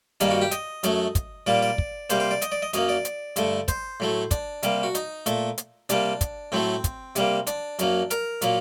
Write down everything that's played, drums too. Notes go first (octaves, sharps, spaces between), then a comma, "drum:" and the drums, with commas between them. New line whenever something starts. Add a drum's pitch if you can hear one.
G2 D#3 G3 A#3 D4, drum: hi-hat
F#4
G4
D#5, drum: hi-hat
F#2 F#3 A3, drum: hi-hat
drum: kick, hi-hat
A#2 G3 A#3 D5
D5
drum: kick
C3 G3 A#3 C5, drum: hi-hat
C5
D5
D#5, drum: hi-hat
D5
D#5
F#2 F#3 A#3 D#5, drum: hi-hat
D5
drum: hi-hat
G2 D3 A3, drum: hi-hat
C5, drum: kick, hi-hat
A2 F#3 A3
D4, drum: kick, hi-hat
C3 G3 A#3, drum: hi-hat
F#4
D#4, drum: hi-hat
A#2 A3, drum: hi-hat
drum: hi-hat
C3 G3 A#3 D4, drum: hi-hat
drum: kick, hi-hat
A2 F#3 A3 C4
drum: kick, hi-hat
C3 G3 A#3, drum: hi-hat
D4, drum: hi-hat
F#2 F#3 A#3, drum: hi-hat
A#4, drum: hi-hat
A#2 F#3 A#3, drum: hi-hat